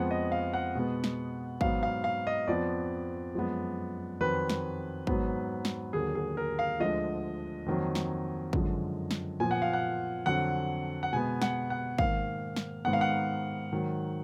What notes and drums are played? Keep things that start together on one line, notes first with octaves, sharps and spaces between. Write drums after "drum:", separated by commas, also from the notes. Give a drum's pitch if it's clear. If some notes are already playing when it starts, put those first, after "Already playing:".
Already playing: F2 F3 G#3 B3 F#5
D#5
F5
F#5
B2 G#3 B3
drum: snare
G#2 F#3 B3 F5, drum: kick
F5
F5
D#5
F2 F3 B3 D5
F#2 F3 G#3 B3
F2 D#3 F#3 B4
drum: snare
G#2 F#3 B3, drum: kick
drum: snare
D#2 D3 F#3 A#3 G#4
G#4
A#4
F5
D2 D3 F3 G#3 D#5
F2 D#3 F#3 A#3
drum: snare
F#2 D3 F3 G#3, drum: kick
drum: snare
A#2 F3 B3 G#5
F#5
F5
F#5
F2 D3 F#3 F#5
F#5
B2 G#3 B3 G#5
F#5, drum: snare
F#5
G#2 D#3 A#3 F5, drum: kick
drum: snare
G#2 D#3 G#3 B3 F#5
F5
F#5
G#2 D#3 F#3